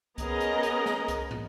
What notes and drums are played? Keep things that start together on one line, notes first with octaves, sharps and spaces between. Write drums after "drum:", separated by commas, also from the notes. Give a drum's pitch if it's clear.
B3 C#4 G#4 A#4 D#5 A#5, drum: kick C2, hi-hat
drum: hi-hat
drum: hi-hat
drum: snare
drum: kick C2, hi-hat
drum: tom